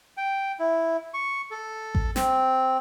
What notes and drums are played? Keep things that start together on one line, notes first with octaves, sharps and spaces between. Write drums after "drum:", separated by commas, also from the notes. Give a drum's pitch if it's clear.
G5
E4
C#6
A4
drum: kick A1
C4, drum: snare